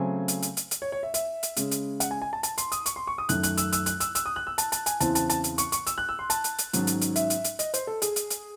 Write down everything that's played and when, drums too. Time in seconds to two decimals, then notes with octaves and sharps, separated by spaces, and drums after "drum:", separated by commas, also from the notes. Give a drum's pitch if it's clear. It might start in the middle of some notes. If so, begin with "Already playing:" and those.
Already playing: C#3 F#3 A3 C4 G#5
0.28 drum: hi-hat
0.42 drum: hi-hat
0.57 drum: hi-hat
0.71 drum: hi-hat
0.82 C#5
0.92 C#5
1.03 E5
1.14 E5, drum: hi-hat
1.43 drum: hi-hat
1.56 C#3 G#3 C#4, drum: hi-hat
1.71 drum: hi-hat
2.00 F#5, drum: hi-hat
2.11 G#5
2.22 G#5
2.33 A5
2.43 A5, drum: hi-hat
2.58 C6, drum: hi-hat
2.72 D#6, drum: hi-hat
2.86 C#6, drum: hi-hat
2.96 C6
3.07 C#6
3.18 D#6
3.29 F#2 D#3 A3 C#4 F#6, drum: hi-hat
3.43 F#6, drum: hi-hat
3.57 E6, drum: hi-hat
3.72 E6, drum: hi-hat
3.86 F#6, drum: hi-hat
4.00 E6, drum: hi-hat
4.15 E6, drum: hi-hat
4.26 D#6
4.36 F#6
4.47 E6
4.58 A5, drum: hi-hat
4.72 A5, drum: hi-hat
4.86 G#5, drum: hi-hat
5.00 E2 C#3 E3 C4 A5, drum: hi-hat
5.15 A5, drum: hi-hat
5.30 A5, drum: hi-hat
5.44 drum: hi-hat
5.58 C#6, drum: hi-hat
5.72 C#6, drum: hi-hat
5.86 E6, drum: hi-hat
5.98 F#6
6.09 E6
6.19 C6
6.30 A5, drum: hi-hat
6.44 drum: hi-hat
6.58 drum: hi-hat
6.73 G#2 D#3 F#3 C#4, drum: hi-hat
6.87 drum: hi-hat
7.01 drum: hi-hat
7.16 E5, drum: hi-hat
7.30 drum: hi-hat
7.44 drum: hi-hat
7.59 D#5, drum: hi-hat
7.74 C5, drum: hi-hat
7.87 A4
8.02 G#4, drum: hi-hat
8.16 drum: hi-hat
8.30 drum: hi-hat